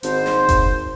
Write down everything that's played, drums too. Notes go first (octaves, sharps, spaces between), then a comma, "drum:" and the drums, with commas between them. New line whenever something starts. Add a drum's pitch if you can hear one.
G#1 C5, drum: hi-hat
drum: snare
drum: kick F#1, hi-hat